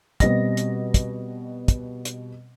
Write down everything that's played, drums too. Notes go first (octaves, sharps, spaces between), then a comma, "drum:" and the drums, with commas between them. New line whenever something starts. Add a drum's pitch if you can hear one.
B2 G3 C4 D#5 A#6, drum: kick, hi-hat
drum: hi-hat
drum: kick, hi-hat
drum: kick, hi-hat
drum: hi-hat